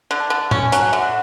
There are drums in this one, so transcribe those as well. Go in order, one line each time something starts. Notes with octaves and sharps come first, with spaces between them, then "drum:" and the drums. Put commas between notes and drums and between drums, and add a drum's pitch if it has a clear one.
D3
A5
D3
C#4 G#5, drum: tom
F#3, drum: hi-hat
F#5
D3 E5
F#5